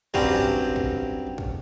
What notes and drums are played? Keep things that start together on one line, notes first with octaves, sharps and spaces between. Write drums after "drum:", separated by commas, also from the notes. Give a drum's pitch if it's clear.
G2 F#3 G3 C4 C#4, drum: kick
drum: kick
drum: kick
drum: kick